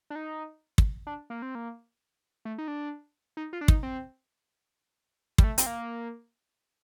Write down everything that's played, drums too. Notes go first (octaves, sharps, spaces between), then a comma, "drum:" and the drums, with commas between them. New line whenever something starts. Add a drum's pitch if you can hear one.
D4
D#4
drum: kick
D4
A#3
C4
A#3
A3
D#4
D4
D#4
F4
D4
D#4, drum: kick
C4
G3, drum: kick
A3
C4, drum: hi-hat
A#3